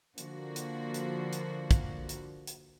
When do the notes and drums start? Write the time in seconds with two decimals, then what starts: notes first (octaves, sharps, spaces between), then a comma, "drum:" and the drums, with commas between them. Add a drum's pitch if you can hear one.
0.18 D3 F3 A#3 F#4, drum: hi-hat
0.56 drum: hi-hat
0.94 drum: hi-hat
1.32 drum: hi-hat
1.71 drum: kick, hi-hat
2.09 drum: hi-hat
2.47 drum: hi-hat